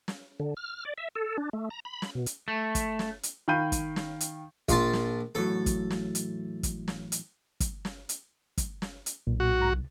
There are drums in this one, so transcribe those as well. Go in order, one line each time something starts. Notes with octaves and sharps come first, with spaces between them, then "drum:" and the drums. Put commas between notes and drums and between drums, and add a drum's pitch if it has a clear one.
drum: snare
D3
F6
D5
E5
A4
D4
A3
A#5
B5
drum: snare
B2
drum: hi-hat
A3
drum: kick, hi-hat
drum: snare
drum: hi-hat
D#3 F5 G5 B5 G6 D#7
drum: kick, hi-hat
drum: snare
drum: hi-hat
A#1 F4 A5, drum: kick, hi-hat
drum: snare
E2 A2 F#3 A4
drum: kick, hi-hat
drum: snare
drum: hi-hat
drum: kick, hi-hat
drum: snare
drum: hi-hat
drum: kick, hi-hat
drum: snare
drum: hi-hat
drum: kick, hi-hat
drum: snare
drum: hi-hat
B1 A#2
F#4
G#2 A#5
C2